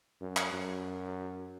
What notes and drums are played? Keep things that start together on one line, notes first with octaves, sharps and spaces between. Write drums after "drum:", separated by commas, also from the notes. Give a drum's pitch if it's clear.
F#2
drum: clap
F#2